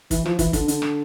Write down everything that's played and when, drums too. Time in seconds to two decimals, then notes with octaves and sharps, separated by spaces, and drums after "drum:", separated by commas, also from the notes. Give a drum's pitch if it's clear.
0.11 E3, drum: kick, hi-hat
0.26 F3, drum: rim click
0.39 E3, drum: kick, hi-hat
0.53 D3, drum: kick, hi-hat
0.68 D3, drum: hi-hat
0.82 drum: rim click